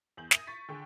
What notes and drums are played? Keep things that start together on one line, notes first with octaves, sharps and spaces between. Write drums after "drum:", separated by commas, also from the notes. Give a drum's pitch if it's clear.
E2 G6 F#7
E5 D#6 A#6 D#7, drum: snare
C#6 A6 B6 C#7
D3 G#4 G5 C#6